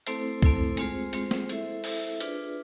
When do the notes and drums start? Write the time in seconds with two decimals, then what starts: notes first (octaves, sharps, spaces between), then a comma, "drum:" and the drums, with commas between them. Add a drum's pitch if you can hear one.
0.07 A3 C4 E4 A4 C5, drum: hi-hat
0.42 A3 C4 E4 A4 C5, drum: kick C2
0.77 G#3 C4 F4 G#4 C5, drum: hi-hat
1.13 G#3 C4 F4 G#4 C5, drum: hi-hat
1.31 drum: snare
1.49 E4 A4 C5 E5, drum: hi-hat
1.84 E4 A4 C5 E5, drum: open hi-hat
2.20 D4 F4 G#4 B4 D5, drum: hi-hat